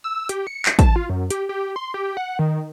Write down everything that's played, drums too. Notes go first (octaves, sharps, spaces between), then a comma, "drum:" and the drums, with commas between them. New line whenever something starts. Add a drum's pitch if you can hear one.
E6
G4, drum: hi-hat
C#7
drum: clap
A5, drum: kick, hi-hat
F4
F#2
G4, drum: hi-hat
G4
C6
G4
F#5
D#3